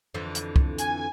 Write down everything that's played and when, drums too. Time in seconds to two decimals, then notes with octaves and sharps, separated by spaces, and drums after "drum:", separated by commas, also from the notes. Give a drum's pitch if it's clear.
0.14 F2 D3 E3
0.35 drum: hi-hat
0.56 drum: kick
0.78 G#5, drum: hi-hat